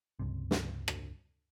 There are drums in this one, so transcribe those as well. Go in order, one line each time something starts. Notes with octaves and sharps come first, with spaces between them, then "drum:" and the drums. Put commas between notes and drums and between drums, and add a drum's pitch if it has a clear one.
C#2 G2 C3
drum: snare
drum: rim click